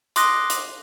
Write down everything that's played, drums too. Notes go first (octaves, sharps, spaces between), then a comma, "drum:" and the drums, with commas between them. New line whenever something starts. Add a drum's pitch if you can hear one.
C6 D6 D#6 F#6 A#6, drum: hi-hat
drum: hi-hat